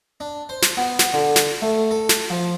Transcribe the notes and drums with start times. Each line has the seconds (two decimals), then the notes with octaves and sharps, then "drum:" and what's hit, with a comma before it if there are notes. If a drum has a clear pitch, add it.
0.20 D4
0.49 C5
0.62 drum: snare
0.77 B3
0.99 drum: snare
1.13 D3
1.36 drum: snare
1.62 A3
1.91 A4
2.09 drum: snare
2.30 F3